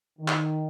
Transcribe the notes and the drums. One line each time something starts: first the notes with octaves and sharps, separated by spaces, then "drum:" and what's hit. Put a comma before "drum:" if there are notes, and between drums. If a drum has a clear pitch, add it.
D#3
drum: clap